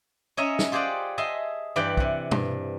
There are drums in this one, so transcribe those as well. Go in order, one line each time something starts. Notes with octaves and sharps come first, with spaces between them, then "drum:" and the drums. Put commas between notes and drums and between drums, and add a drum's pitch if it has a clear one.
C#4 C#5 D#5 E5 A#5
drum: snare
F4 G4 G#4 C5 D5 F#5
G#4 D#5 E5 A5 C6
G2 E3 G4 D5 F#5 G5
C3 F#5, drum: kick
G2, drum: tom